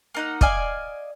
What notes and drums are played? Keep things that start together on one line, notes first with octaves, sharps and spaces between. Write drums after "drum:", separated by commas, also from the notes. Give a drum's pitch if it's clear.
A#3 D#4 F#5
D5 D#5 F5 G#5, drum: kick